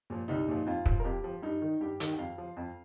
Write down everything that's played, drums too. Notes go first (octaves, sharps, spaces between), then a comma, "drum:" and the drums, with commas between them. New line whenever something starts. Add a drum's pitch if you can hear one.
A#2 F3
C2 D#4
A#2 F3
F2 F4
F3, drum: kick
A#4
F2 G4
F3
G2 D#4
D#3
G2 G4
D#3, drum: hi-hat
G5
F2 F5
F3
F2